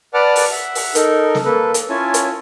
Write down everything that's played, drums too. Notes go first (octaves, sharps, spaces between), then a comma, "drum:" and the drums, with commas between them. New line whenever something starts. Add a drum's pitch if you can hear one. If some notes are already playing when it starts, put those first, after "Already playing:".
B4 D5 F#5 A5 D6 F6
drum: open hi-hat
E5 F#5
drum: open hi-hat
D#4 A4 A#4, drum: hi-hat
drum: snare
A#3 A4 B4
drum: hi-hat
C#4 E4 F4 C#5 G#5 A5
drum: hi-hat